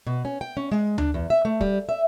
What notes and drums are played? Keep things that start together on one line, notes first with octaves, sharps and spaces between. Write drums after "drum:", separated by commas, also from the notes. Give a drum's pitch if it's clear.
B2
C#4
G5
C#4
G#3
D4, drum: tom D2
E2
E5
A3
G3, drum: kick
E5